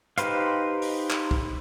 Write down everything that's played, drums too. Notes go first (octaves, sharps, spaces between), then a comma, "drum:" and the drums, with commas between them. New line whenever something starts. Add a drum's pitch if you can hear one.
D#4 G4 B4 C5 F5, drum: hi-hat
drum: open hi-hat
drum: clap
drum: kick